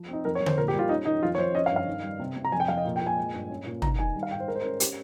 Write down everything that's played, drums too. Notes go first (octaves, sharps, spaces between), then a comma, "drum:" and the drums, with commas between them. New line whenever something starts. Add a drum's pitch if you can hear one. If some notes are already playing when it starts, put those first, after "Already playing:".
Already playing: F3
C4 D#4
F2 A#4
C#5
F2
C5, drum: tom D3
A#2 A#4
G4
G3
F4
C#4 D#4
D#3 D#4
F2 F4
C#5
F2 C5
C#4 D#5
F5
G2
F5
D#3
G3
C3
C3
A#5
F2 G#5
G5
F2 F5
D#5
A#2
G5
A#2
G#5
G#3
G2
C#4
A#2
D#3 A#5, drum: tom
D#3 G#5
G3
F5
G#2 G5
C5
G#3 A#4
C5
C#4 A#4
C#4 G4, drum: hi-hat